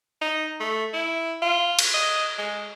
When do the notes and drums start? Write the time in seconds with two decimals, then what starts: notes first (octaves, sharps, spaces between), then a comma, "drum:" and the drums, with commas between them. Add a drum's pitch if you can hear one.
0.22 D#4
0.60 A3
0.94 E4
1.42 F4
1.79 drum: cymbal
1.94 D#5
2.38 G#3